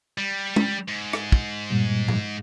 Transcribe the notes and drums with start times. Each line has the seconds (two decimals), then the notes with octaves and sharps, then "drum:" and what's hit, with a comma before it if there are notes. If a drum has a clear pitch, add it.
0.18 G3
0.56 drum: tom
0.89 G#2
1.13 drum: rim click
1.32 drum: kick
1.70 G2 A#2 G3
2.08 drum: tom G#2